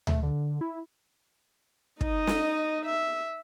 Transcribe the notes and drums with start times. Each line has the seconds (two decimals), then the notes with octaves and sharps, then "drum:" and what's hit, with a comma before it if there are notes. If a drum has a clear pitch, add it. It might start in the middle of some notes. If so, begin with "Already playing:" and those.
0.07 A3, drum: tom D2
0.23 D3
0.61 E4
2.01 D#4 D#5, drum: kick
2.27 drum: snare
2.85 E5